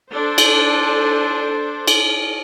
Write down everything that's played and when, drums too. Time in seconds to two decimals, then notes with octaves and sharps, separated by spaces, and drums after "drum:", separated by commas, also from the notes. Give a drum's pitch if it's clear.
0.13 D4 A4 C5
0.38 drum: cymbal
1.88 drum: cymbal